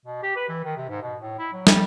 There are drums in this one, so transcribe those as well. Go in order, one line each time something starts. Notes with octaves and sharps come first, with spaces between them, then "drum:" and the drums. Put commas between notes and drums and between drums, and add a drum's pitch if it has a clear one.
B2
G4
B4
E3
D#3
C3
G#2
B2
A2
E4
F#3
G3, drum: snare